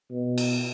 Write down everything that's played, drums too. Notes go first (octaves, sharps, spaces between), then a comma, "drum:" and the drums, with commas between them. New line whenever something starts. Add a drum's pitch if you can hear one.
B2
drum: cymbal